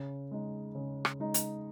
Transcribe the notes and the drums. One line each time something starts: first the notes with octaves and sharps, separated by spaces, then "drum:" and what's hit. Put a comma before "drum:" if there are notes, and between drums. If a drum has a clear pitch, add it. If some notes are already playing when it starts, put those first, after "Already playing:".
Already playing: C#3
G#3 D#4
C#3
drum: rim click
G#3 D#4
drum: hi-hat